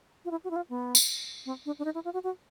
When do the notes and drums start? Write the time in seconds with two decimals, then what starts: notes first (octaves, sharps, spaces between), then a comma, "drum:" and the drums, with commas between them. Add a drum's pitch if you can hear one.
0.25 F4
0.31 E4
0.44 F#4
0.51 E4
0.56 F4
0.70 B3
0.95 drum: tambourine
1.46 C4
1.66 D4
1.79 D4
1.85 D#4
1.94 E4
2.05 F4
2.13 F#4
2.24 F#4